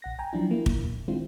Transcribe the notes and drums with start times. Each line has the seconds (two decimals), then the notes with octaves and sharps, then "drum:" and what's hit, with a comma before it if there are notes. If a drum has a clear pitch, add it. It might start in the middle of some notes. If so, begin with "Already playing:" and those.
0.02 A#1 F#5 A#6
0.19 G5 G#5 A#5
0.33 F3 F#3 D4 E4
0.51 A#3 E4
0.66 A#2, drum: kick
1.08 D#3 G#3 C4 D4 E4 F4